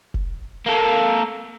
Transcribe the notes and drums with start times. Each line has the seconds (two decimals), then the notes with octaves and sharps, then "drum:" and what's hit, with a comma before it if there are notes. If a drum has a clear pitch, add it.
0.14 drum: kick
0.66 A#3 A4